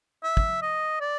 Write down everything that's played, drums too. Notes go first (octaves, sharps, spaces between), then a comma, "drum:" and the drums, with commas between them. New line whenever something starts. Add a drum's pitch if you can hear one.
E5
drum: kick
D#5
D5